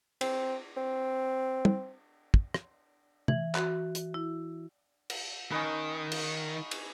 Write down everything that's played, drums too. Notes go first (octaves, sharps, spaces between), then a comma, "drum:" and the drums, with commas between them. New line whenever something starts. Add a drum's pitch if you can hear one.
C4, drum: cymbal
C4
drum: tom
drum: kick
drum: rim click
E3, drum: tom
F#4, drum: clap
drum: hi-hat
E4
drum: cymbal
D#3 C#4 D#4 B4
drum: cymbal
drum: cymbal